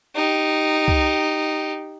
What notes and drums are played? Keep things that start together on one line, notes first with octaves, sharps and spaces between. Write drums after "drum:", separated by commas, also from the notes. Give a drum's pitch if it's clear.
D#4 G4
drum: kick C2